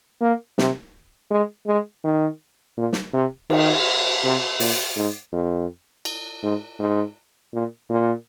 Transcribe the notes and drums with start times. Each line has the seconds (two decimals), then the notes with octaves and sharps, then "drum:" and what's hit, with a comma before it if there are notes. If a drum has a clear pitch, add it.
0.21 A#3
0.58 C3, drum: snare
1.31 G#3
1.67 G#3
2.04 D#3
2.77 A#2
2.93 drum: snare
3.13 C3
3.50 D#3, drum: cymbal
4.24 C3
4.60 A#2, drum: open hi-hat
4.96 G#2
5.33 F2
6.05 drum: cymbal
6.43 G#2
6.79 G#2
7.53 A#2
7.90 A#2